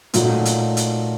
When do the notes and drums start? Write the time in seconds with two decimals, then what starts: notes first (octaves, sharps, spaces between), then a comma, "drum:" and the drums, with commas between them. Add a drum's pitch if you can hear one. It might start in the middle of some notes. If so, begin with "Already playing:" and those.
0.14 A#2 F#3 A3 D#4, drum: hi-hat
0.45 drum: hi-hat
0.77 drum: hi-hat